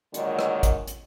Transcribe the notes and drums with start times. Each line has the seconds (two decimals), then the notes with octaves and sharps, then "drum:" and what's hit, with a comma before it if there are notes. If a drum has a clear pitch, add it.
0.14 A#2 D3 D#3 F#3 G#3, drum: hi-hat
0.39 drum: rim click
0.63 drum: kick, hi-hat
0.88 drum: hi-hat